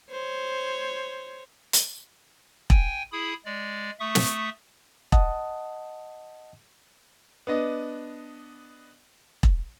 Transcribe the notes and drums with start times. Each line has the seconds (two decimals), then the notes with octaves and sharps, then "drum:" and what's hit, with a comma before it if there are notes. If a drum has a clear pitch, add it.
0.10 C5 C#5
1.73 drum: hi-hat
2.70 G5 G#5, drum: kick E1
3.12 E4 G#4 B5 D#6
3.45 G#3 D5
4.00 A3 E5 C#6 D#6
4.15 drum: snare
5.12 D#5 F#5 A5 D#6, drum: kick E1
7.47 B3 D4 D#5
9.43 drum: kick E1